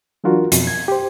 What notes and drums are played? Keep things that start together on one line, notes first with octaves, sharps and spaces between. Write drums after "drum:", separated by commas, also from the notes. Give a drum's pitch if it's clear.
E3 F#3 D4 F4 F#4 A#4
F2 B2, drum: hi-hat
G#6
G4 C5